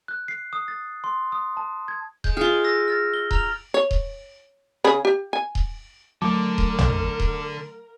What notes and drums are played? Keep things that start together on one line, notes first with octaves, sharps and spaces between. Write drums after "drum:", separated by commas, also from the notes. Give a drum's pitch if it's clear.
F#6
C7
D#6
A6
C6
D#6
A5
G#6
G#3 G6, drum: kick D#1
F4 G#4 F6
E6 A#6
F6 A6 A#6
G7
A#5 F6 F7, drum: kick D#1
C#5
drum: kick D#1
C#3 G#4 B5
G4
G#5
drum: kick D#1
D3 F#3 A3 A#4 A5 D6
drum: kick D#1
drum: tom
drum: kick D#1